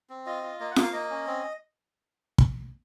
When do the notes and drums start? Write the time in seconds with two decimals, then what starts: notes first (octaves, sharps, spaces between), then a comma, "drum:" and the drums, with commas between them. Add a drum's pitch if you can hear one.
0.10 C4
0.26 F4 D#5
0.43 F4
0.60 A#3 D#5
0.71 F#5
0.76 A#3, drum: snare
0.83 F5
0.93 A#3 D#5
1.10 C#4
1.27 C4
2.38 drum: kick